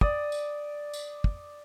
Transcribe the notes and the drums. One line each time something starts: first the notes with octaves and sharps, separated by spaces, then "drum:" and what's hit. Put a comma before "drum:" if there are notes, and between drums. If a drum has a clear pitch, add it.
D5 D#6, drum: kick
drum: tambourine
drum: tambourine
drum: kick